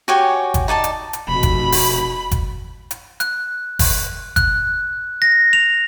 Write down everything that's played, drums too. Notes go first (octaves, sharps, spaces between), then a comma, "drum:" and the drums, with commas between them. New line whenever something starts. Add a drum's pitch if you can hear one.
F#4 G4 C#5 G#5
drum: kick G1, hi-hat
D#4 D5 G#5 A5
drum: hi-hat
drum: hi-hat
F1 B2 B5
drum: kick G1, hi-hat
drum: open hi-hat
drum: kick G1, hi-hat
drum: hi-hat
F#6, drum: hi-hat
drum: kick G1, open hi-hat
F#6, drum: kick G1, hi-hat
A#6
F7